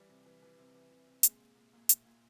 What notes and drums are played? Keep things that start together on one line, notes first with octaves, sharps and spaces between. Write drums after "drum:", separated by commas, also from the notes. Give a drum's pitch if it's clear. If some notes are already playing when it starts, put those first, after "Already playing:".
Already playing: E3 G3
C3
E3
E3
C3
E3
C3
C3
A#2 G#3, drum: hi-hat
A#2
A#2
A#2
A#2, drum: hi-hat
A#2